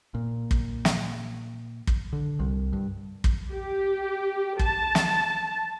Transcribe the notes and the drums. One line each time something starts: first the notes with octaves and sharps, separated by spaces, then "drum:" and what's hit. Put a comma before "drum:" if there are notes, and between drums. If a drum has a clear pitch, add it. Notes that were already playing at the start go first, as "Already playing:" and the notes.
A#2
drum: kick
drum: snare
drum: kick
D3
C2
G2
drum: kick
G4
A5, drum: kick
drum: snare